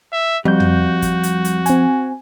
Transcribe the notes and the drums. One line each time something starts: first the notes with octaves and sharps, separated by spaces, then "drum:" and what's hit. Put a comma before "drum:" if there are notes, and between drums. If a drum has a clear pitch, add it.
E5
F2 G3 F#4 G6
drum: tom
drum: kick, hi-hat
drum: hi-hat
drum: hi-hat
C4 G#5, drum: hi-hat